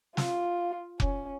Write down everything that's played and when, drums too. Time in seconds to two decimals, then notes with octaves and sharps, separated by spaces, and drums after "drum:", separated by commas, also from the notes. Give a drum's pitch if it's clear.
0.17 F4, drum: snare
1.00 C#4, drum: kick F1